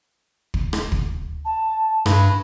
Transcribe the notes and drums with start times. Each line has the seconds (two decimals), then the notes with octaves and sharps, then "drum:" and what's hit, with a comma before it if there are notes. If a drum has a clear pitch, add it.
0.54 drum: kick
0.73 drum: rim click
0.92 drum: kick
1.45 A5
2.06 G2 B5, drum: rim click